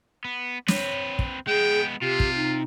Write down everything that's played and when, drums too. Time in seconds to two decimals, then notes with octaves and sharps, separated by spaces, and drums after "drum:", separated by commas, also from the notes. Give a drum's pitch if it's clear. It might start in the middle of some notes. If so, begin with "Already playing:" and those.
0.25 B3
0.68 C4 B4 C#5, drum: snare
1.19 drum: kick
1.47 G#3 B3 G#4 G5
2.02 C3 F4 G4
2.20 drum: kick
2.35 D#4